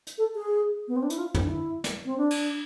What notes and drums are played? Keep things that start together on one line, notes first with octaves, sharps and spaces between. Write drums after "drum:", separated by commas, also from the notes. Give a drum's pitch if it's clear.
drum: hi-hat
A4
G#4
B3
C4
D4
E4, drum: hi-hat
F4
E4, drum: tom
D4
E4
drum: snare
C4
D4
drum: cymbal